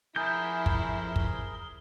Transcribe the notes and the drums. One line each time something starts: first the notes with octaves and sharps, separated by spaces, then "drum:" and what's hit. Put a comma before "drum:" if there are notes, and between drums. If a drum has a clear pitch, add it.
F2 E4 G#4 A#4 G#5 G6
drum: kick
drum: kick